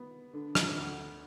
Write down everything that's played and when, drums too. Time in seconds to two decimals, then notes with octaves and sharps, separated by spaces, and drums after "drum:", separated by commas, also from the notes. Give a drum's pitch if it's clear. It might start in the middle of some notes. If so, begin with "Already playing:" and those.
Already playing: D#3 B3
0.33 D3
0.55 drum: rim click
0.77 D2